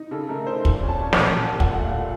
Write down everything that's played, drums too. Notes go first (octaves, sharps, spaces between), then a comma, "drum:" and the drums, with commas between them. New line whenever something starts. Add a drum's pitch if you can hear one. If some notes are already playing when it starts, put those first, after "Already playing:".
Already playing: D#4
C#3 A4
A3 A#4
D#4 C5
A#2, drum: kick
C#4
A5
C#4
F#5, drum: snare
A#2
A#2 A5
A#2
F#5, drum: kick
A3
F5
A#2